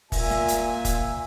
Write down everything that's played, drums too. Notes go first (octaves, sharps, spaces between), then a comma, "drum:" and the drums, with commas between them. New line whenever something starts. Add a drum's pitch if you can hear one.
A#2 E5 G#5, drum: kick, open hi-hat
drum: snare
drum: hi-hat
drum: kick, hi-hat